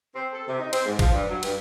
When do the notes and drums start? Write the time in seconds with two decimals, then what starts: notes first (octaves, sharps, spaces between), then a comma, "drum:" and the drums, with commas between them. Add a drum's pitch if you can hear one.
0.16 C4
0.33 A4
0.48 C3
0.60 D#4
0.73 C4, drum: cymbal
0.86 G#2
0.99 F3, drum: kick, cymbal
1.12 G2
1.29 F#3
1.43 G2, drum: cymbal